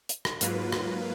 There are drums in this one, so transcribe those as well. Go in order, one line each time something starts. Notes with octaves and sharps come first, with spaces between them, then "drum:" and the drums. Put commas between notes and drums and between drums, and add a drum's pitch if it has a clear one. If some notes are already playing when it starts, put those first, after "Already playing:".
drum: hi-hat
drum: rim click
G#2 F#3 A#3 F4 B4, drum: hi-hat
drum: rim click